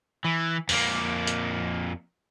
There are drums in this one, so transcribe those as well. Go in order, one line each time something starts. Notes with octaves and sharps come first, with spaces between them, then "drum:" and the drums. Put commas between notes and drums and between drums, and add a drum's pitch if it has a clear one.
E3
F2 A#3, drum: open hi-hat
drum: hi-hat